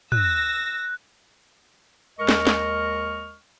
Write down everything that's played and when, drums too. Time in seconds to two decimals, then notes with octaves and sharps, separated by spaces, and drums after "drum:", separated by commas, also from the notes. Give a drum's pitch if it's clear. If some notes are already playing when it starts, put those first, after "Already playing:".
0.12 E6 F#6 A#6, drum: tom
2.19 D#2 G#3 A#4 D#5 C#6 F6
2.29 drum: snare
2.47 drum: snare